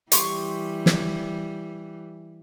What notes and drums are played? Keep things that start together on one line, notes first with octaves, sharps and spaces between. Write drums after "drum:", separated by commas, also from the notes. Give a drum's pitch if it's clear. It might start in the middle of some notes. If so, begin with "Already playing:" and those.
E3 G3 G4 C6 C#6, drum: hi-hat
drum: snare